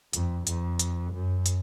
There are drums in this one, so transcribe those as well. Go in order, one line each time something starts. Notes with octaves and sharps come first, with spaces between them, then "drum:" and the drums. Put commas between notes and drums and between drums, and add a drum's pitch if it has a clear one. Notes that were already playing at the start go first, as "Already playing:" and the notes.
F2, drum: hi-hat
F2, drum: hi-hat
drum: hi-hat
F#2
drum: hi-hat